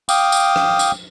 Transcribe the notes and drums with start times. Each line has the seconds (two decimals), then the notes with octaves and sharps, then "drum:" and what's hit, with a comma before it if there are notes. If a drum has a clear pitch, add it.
0.09 F5 G5 D6 D#6, drum: tambourine
0.32 drum: tambourine
0.56 drum: rim click
0.79 drum: tambourine